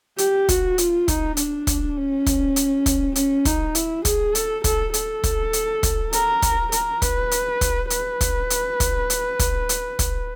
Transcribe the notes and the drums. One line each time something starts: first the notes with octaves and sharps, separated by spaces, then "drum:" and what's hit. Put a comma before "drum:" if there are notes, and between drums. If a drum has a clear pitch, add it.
G4, drum: hi-hat
F#4, drum: kick, hi-hat
F4, drum: hi-hat
D#4, drum: kick, hi-hat
D4, drum: hi-hat
drum: kick, hi-hat
C#4
drum: kick, hi-hat
drum: hi-hat
drum: kick, hi-hat
C#4, drum: hi-hat
D#4, drum: kick, hi-hat
E4, drum: hi-hat
G#4, drum: kick, hi-hat
A4, drum: hi-hat
A4, drum: kick, hi-hat
A4, drum: hi-hat
drum: kick, hi-hat
drum: hi-hat
drum: kick, hi-hat
A#4, drum: hi-hat
drum: kick, hi-hat
A#4, drum: hi-hat
B4, drum: kick, hi-hat
drum: hi-hat
drum: kick, hi-hat
B4, drum: hi-hat
drum: kick, hi-hat
drum: hi-hat
drum: kick, hi-hat
drum: hi-hat
drum: kick, hi-hat
drum: hi-hat
drum: kick, hi-hat